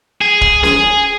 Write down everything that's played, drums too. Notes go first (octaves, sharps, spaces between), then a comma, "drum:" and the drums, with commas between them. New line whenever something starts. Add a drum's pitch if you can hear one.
G#4
drum: kick
G#4, drum: snare C#4